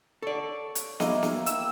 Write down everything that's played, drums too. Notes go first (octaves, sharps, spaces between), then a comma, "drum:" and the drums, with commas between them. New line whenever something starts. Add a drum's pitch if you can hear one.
A4 C#5 D5
drum: hi-hat
A#3 E4 D#5, drum: snare
drum: snare
G5 E6, drum: hi-hat